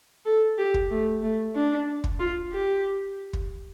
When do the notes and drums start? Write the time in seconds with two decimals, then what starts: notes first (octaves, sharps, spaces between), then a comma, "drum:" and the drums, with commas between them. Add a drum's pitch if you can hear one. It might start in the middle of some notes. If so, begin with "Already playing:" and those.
0.26 A4
0.58 G4
0.74 drum: kick
0.91 A3
1.23 A3
1.55 D4
2.04 drum: kick
2.19 F4
2.53 G4
3.33 drum: kick